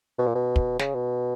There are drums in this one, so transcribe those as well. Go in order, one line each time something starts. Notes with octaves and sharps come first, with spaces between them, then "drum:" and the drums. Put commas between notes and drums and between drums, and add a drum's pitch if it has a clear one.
B2
A#2
B2
drum: kick
C#3, drum: snare
B2